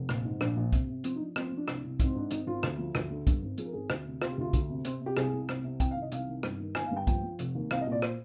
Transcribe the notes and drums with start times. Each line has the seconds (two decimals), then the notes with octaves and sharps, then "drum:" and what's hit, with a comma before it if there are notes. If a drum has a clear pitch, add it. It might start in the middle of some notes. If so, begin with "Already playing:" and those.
Already playing: F1
0.09 A#1, drum: rim click
0.25 G#2
0.41 A#1 D4, drum: rim click
0.56 A#1
0.72 C3, drum: kick, hi-hat
0.88 C3
1.04 F3 C4, drum: hi-hat
1.16 D#4
1.20 F3 D4
1.36 F3 C4, drum: rim click
1.47 C4
1.52 F3
1.57 D4
1.68 C2, drum: rim click
1.84 C2
2.00 G#2 C4, drum: kick, hi-hat
2.15 G#2 D4
2.31 G#1 D#4, drum: hi-hat
2.47 G#1 F4
2.63 D2, drum: rim click
2.78 F3
2.95 D2, drum: rim click
3.10 D3
3.27 G2, drum: kick, hi-hat
3.43 G#1
3.58 F3 G#4, drum: hi-hat
3.65 A#4
3.73 G#1 G#4
3.90 D2, drum: rim click
4.06 C3
4.22 C3 F4, drum: rim click
4.31 G4
4.38 D2 F4
4.53 D2, drum: kick, hi-hat
4.69 C3
4.85 C3 C4, drum: hi-hat
5.01 C3
5.06 G4
5.17 C2 G#4, drum: rim click
5.33 C2
5.49 C2, drum: rim click
5.64 C3
5.80 C2 G5, drum: kick, hi-hat
5.91 F5
5.96 D#3
6.02 D#5
6.12 C2 F5, drum: hi-hat
6.28 D#3
6.43 G2, drum: rim click
6.60 D#3
6.75 G1 G#5, drum: rim click
6.86 F5
6.91 G2
6.97 G5
7.07 F3 G5, drum: kick, hi-hat
7.23 F3
7.39 F1, drum: hi-hat
7.55 D#2
7.71 C2 F5, drum: rim click
7.81 D#5
7.87 A#2
7.92 D5
8.02 C5, drum: rim click